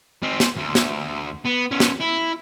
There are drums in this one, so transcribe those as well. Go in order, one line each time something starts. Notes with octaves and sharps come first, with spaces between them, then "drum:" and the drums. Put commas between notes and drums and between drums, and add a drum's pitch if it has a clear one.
C4 D#4
drum: snare
D2
drum: snare
B3
B3 C#4
drum: snare
E4